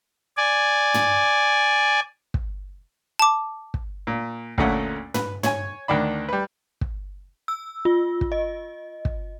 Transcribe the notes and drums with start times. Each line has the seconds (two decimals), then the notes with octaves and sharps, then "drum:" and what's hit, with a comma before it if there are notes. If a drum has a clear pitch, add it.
0.37 D5 G#5
0.94 drum: tom
2.34 drum: kick
3.19 A5 D6
3.74 drum: kick
4.07 A#2
4.58 D2 A#2 A3 C#4 F#5, drum: kick
5.14 B4, drum: tom
5.43 C#5 G#5, drum: tom
5.88 D2 D#3 D4 B5
6.29 G3 B4
6.81 drum: kick
7.48 E6
7.85 F4
8.21 drum: kick
8.32 D#5
9.05 drum: kick